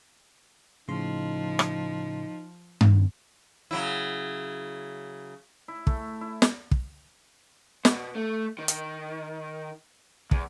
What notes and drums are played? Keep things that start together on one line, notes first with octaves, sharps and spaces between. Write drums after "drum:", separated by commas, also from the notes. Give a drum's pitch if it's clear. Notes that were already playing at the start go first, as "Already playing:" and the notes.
A2 C#3 F3 D#4 C6
drum: rim click
drum: tom G2
C#3 F#3 E4
E4
A3, drum: kick
E4
drum: snare
drum: kick
B2, drum: snare
A3
D#3
drum: hi-hat
E2, drum: kick